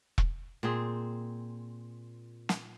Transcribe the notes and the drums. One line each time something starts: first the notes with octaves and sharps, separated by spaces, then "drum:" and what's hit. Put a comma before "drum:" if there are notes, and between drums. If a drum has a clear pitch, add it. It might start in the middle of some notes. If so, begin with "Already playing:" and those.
drum: kick E1
A#2 C4 G#4
drum: snare